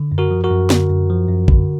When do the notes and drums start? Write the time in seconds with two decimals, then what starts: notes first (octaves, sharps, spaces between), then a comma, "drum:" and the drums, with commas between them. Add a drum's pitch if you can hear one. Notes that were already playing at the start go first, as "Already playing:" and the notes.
Already playing: D3
0.12 F#2
0.18 F#4 A#4
0.31 F3
0.44 F#4 A#4
0.51 F#2
0.70 D3, drum: snare
0.90 F#2
1.10 F3
1.29 F#2
1.48 D3, drum: kick